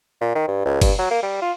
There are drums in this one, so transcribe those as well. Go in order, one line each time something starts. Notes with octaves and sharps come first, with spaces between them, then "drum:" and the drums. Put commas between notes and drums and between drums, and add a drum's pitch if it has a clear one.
A#2
D#3
G2
C#2
G2, drum: kick F#1, cymbal
F#3
A#3
G3
F4